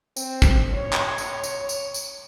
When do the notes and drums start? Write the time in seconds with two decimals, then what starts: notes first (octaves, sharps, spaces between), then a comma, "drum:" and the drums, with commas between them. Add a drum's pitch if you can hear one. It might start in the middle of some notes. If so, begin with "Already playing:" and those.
0.17 C4, drum: tambourine
0.42 drum: kick, tambourine
0.73 C#5
0.93 drum: clap
1.18 drum: tambourine
1.44 drum: tambourine
1.69 drum: tambourine
1.94 drum: tambourine